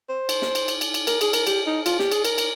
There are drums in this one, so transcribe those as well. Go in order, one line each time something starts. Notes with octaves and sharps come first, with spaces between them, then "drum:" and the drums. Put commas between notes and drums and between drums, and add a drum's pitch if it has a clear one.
C5
drum: cymbal
drum: snare
drum: cymbal
drum: cymbal
drum: cymbal
drum: cymbal
A#4, drum: cymbal
G#4, drum: cymbal
A#4, drum: cymbal
G4, drum: cymbal
D#4
F4, drum: cymbal
G4, drum: snare
G#4, drum: cymbal
A#4, drum: cymbal
drum: cymbal